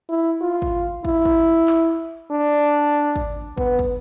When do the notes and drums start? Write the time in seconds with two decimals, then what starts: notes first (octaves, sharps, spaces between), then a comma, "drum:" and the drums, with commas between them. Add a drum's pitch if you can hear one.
0.09 E4
0.41 F4
0.62 drum: kick
1.05 E4, drum: kick
1.25 drum: kick
1.68 drum: clap
2.31 D4
3.16 drum: kick
3.57 B3, drum: kick
3.79 drum: kick